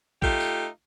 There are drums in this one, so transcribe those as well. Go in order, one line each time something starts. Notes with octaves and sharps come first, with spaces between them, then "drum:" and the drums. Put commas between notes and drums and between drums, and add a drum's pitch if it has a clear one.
A3 D#4 F4 G4, drum: kick A#1
drum: tambourine